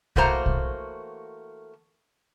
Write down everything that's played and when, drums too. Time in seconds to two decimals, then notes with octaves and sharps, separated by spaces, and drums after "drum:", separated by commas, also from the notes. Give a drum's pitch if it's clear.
0.16 E3 A3 A#3 F#4 C5 A#5, drum: kick
0.46 drum: kick